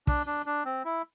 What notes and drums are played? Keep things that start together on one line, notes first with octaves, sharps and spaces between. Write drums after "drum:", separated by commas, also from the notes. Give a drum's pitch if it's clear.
D4, drum: kick
D4
D4
C4
E4